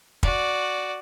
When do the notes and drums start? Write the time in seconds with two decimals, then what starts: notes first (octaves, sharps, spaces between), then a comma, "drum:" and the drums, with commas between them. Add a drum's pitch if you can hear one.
0.23 F#4 D5, drum: kick